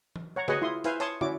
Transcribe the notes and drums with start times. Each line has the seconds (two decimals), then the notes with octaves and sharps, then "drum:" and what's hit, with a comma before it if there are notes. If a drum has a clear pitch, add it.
0.16 drum: tom E3
0.36 C#5 F#5 A#5
0.48 F#4 G#4 B4 C#5 D#5 F#5, drum: snare
0.62 E4 F4 C6 D#6
0.84 E4 B4 C5 F5 G#5, drum: hi-hat
1.00 C#5 A5 C6 D#6, drum: hi-hat
1.21 C#4 E4 F#4 D5 D6, drum: tom